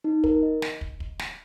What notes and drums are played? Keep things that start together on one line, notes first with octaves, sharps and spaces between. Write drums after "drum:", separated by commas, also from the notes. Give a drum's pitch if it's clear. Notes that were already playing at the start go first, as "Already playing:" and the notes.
D#4
A#4, drum: kick
D#5
drum: snare
drum: kick
drum: kick
drum: snare